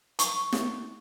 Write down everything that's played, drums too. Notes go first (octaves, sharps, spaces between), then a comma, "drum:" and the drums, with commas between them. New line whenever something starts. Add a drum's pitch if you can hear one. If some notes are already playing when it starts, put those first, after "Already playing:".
C#6, drum: hi-hat
drum: snare